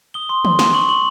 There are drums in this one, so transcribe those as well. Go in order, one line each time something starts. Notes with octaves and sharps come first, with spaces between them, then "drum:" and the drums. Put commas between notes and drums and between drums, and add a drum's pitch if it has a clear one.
D#6 G7
C6
C6, drum: tom
C6, drum: snare
C#6 F#7
C#6 F#7